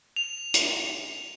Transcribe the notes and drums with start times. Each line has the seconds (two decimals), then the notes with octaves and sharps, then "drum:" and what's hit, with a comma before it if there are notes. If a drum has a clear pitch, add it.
0.16 F7
0.54 drum: hi-hat